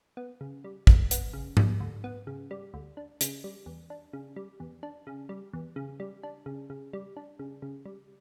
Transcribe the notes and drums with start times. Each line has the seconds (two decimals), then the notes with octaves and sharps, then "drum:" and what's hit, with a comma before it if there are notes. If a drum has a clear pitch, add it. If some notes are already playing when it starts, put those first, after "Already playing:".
0.17 B3
0.41 C#3
0.64 G3
0.87 D2, drum: kick A1
1.11 B3, drum: hi-hat
1.33 C#3
1.57 G3, drum: tom G#2
1.80 D2
2.04 B3
2.27 C#3
2.51 G3
2.74 D2
2.97 D4
3.21 C#3, drum: hi-hat
3.44 G3
3.66 E2
3.90 D4
4.13 C#3
4.36 G3
4.60 E2
4.83 D4
5.07 C#3
5.29 G3
5.53 E2
5.76 C#3
6.00 G3
6.23 D4
6.46 C#3
6.70 C#3
6.93 G3
7.17 D4
7.39 C#3
7.62 C#3
7.85 G3